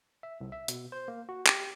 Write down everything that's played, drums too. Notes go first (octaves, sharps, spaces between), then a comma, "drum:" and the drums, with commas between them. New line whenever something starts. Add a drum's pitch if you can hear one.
E5
C2
E5
B2, drum: hi-hat
C5
A#3
F#4
G4, drum: clap